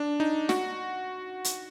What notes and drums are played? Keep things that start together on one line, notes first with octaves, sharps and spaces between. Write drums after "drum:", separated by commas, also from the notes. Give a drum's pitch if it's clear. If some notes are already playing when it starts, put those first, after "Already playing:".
Already playing: D4
D#4
F#4, drum: snare
drum: hi-hat